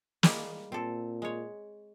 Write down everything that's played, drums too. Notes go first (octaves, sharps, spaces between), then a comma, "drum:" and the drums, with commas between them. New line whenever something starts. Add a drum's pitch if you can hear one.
G3 G#3 A#3, drum: snare
A#2 C4 A4
G#3 C#5